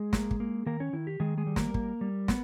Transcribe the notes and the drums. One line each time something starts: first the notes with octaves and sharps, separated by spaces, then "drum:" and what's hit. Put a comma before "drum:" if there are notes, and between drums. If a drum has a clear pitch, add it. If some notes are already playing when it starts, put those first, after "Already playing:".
Already playing: G#3 G#4
A#3, drum: snare
drum: kick
A#3
D#3 A#3 A#4
C#4 C#5
D#3 E4
G4
D#3 G#3 G#4
G#3 G#4
G3
A#3 A#4, drum: snare
A#3, drum: kick
G3
B3, drum: snare